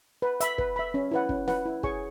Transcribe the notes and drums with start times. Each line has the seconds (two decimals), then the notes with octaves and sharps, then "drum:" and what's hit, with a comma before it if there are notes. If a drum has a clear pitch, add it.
0.22 B4
0.40 E5 B5, drum: hi-hat
0.58 B4, drum: kick
0.76 E5 B5
0.94 C#4
1.11 E4 B4 F#5
1.29 C#4, drum: kick
1.48 E4 B4 F#5, drum: snare
1.66 E4
1.83 G#4 C#5 G#5 C#6, drum: kick